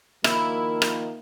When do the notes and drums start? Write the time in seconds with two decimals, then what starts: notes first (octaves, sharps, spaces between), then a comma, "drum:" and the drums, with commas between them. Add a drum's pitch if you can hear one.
0.24 D#3 F3 A#3 E4, drum: rim click
0.82 drum: rim click